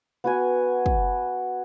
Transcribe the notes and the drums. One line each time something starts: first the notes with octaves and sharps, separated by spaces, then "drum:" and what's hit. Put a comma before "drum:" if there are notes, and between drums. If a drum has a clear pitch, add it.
B3 F#4 G#5
drum: kick